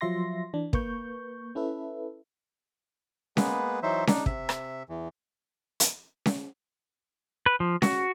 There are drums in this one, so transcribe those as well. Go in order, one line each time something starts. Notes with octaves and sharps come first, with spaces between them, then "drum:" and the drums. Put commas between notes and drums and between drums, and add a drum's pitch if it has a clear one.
F3 F#3 F4 E5 C6 A#6
E3 D4
A#3 B4 C#6 G6, drum: kick
C#4 E4 A4 B4 E5
G#3 A#3 B3 B4, drum: snare C#4
E3 F#3 D#4 C5 E5
D4 D#4, drum: snare C#4
C3 E5, drum: kick
drum: rim click
E2 E3
drum: hi-hat
drum: snare C#4
B4
F3
F#4, drum: snare C#4